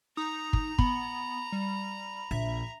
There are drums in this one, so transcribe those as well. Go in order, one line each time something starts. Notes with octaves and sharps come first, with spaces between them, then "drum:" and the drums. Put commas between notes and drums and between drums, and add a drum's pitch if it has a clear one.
D#4 A#5 D#6
drum: kick
B3 B5, drum: kick
G3
A#1 E5